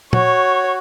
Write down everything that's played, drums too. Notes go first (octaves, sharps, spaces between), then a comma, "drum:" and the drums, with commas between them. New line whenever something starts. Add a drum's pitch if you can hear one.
F#4 C#5, drum: tom